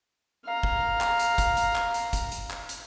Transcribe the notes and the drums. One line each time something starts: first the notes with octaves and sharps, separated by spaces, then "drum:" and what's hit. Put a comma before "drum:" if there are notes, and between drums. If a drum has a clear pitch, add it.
F5 A#5
drum: kick
drum: clap
drum: hi-hat
drum: kick, hi-hat
drum: hi-hat
drum: clap
drum: hi-hat
drum: kick, hi-hat
drum: hi-hat
drum: clap
drum: hi-hat